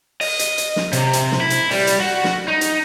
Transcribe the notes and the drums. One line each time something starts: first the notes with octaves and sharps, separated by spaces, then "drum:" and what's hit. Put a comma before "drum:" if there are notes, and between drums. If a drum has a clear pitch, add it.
D#5, drum: open hi-hat
drum: hi-hat
drum: hi-hat
drum: snare
C3, drum: hi-hat
drum: hi-hat
drum: snare
E4
drum: hi-hat
G3, drum: open hi-hat
drum: hi-hat
F#4
drum: snare
D#4
drum: hi-hat